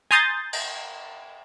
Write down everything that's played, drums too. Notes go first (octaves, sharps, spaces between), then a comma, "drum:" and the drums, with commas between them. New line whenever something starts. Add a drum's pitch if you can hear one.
G#5 A#5 C6 D#6 G6 A6
drum: cymbal